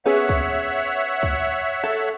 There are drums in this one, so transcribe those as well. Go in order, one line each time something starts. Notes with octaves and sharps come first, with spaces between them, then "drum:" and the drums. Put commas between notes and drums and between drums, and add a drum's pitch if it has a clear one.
B3 C#4 G#4 C#5 E5 F#5
drum: kick
drum: kick
A4